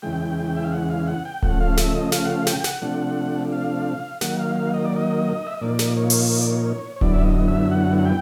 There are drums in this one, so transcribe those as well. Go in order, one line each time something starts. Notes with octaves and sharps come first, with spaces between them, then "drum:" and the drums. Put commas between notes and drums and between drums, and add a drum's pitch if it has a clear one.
E2 C#3 E3 G#3 G5
E5
F5
F#5
F5
F#5
G5
C#3 F3 A3 F#5, drum: kick D1
F5
E5, drum: snare
D#5
F5, drum: snare
F#5
F5
G5, drum: snare
G5
F#5, drum: snare
C3 F3 A3 D4
F5
D#3 F#3 A#3 F#5, drum: snare
F5
F5
D#5
D5
D#5
E5
D#5
A#2 F3 A#3 D#4 D5
drum: snare
C#5
drum: open hi-hat
C#5
D5
C#5
C#5
C#5
F#2 D3 F#3 B3 E4 D5, drum: kick D1
E5
D#5
E5
F#5
F#5
G5